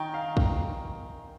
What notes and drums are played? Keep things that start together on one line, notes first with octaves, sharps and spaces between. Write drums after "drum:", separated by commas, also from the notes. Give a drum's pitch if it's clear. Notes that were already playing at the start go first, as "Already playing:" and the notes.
Already playing: D#3 G5 A#5
F5
drum: kick